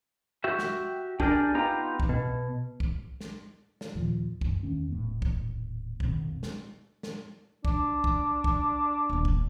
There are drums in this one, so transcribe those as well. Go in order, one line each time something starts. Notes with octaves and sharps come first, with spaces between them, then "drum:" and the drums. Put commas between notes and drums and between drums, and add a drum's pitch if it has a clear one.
F#4 G4 E5
drum: snare
D4 G4 G#4 A#4 B4 D5, drum: kick
B3 D#4 F4 G4 A#5
drum: kick
B2
drum: kick
drum: snare
drum: snare
D#2 A#2 D#3 F3
F#2, drum: kick
E2 D#3 A3 C#4
D#1 A2 A3 B3
drum: kick
F1 B2 D#3 C4, drum: kick
drum: snare
drum: snare
D4, drum: kick
drum: kick
drum: kick
D#1 E2
drum: kick